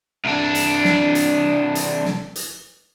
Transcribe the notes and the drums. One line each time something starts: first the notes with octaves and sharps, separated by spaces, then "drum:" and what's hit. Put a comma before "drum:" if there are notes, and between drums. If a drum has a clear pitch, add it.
C2 D4
drum: hi-hat
drum: snare
drum: hi-hat
drum: hi-hat
drum: snare
drum: hi-hat